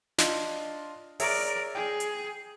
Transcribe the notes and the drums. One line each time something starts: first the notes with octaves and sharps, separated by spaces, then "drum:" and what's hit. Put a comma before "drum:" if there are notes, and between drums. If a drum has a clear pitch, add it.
D4 F4 D#5, drum: snare
G#4 A#4 C#5 D5 E5, drum: open hi-hat
G#4 G5
drum: hi-hat